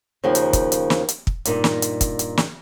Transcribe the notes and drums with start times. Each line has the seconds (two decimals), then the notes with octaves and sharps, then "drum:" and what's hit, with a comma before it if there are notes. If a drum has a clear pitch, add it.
0.24 D#2 C#3 F3 A#3 G5
0.35 drum: hi-hat
0.53 drum: kick, hi-hat
0.72 drum: hi-hat
0.90 drum: snare
1.09 drum: hi-hat
1.27 drum: kick
1.45 G2 A#2 D#4, drum: hi-hat
1.64 drum: snare
1.82 drum: hi-hat
2.01 drum: kick, hi-hat
2.19 drum: hi-hat
2.37 drum: snare